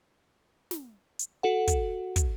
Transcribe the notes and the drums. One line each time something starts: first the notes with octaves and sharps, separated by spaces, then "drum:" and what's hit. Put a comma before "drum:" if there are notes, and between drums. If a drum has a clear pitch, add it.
drum: snare
drum: hi-hat
F#4 A4 F#5
drum: kick, hi-hat
drum: kick, hi-hat